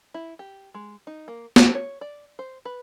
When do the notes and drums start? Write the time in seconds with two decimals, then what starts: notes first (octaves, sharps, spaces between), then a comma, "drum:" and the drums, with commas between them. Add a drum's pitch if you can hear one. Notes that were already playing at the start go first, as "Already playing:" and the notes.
0.14 E4
0.39 G4
0.74 G#3
1.07 D#4
1.28 A#3
1.56 G#4, drum: snare
1.75 C#5
2.01 D5
2.39 C5
2.65 B4